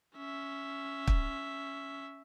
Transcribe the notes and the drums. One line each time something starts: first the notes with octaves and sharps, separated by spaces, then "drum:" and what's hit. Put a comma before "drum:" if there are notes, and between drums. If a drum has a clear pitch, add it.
C#4 E5
drum: kick